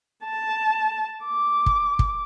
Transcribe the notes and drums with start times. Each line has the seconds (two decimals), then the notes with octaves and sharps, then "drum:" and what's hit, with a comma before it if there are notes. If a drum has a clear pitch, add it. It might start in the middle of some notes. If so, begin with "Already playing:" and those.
0.24 A5
1.25 D6
1.66 drum: kick
1.99 drum: kick